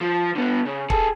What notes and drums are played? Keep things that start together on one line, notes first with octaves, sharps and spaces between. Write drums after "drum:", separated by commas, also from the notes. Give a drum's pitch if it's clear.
F3
D3 B3
C#3
G#4 A4, drum: kick